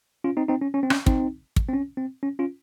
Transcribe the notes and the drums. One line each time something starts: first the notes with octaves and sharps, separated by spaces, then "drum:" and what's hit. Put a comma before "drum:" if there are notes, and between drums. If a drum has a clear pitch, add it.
C#4 F4
C4 D#4
C4 D#4
C#4
C#4
C4
C#4, drum: rim click
C4 D#4, drum: kick
drum: kick
C4
C#4
C4
C#4
C#4 F4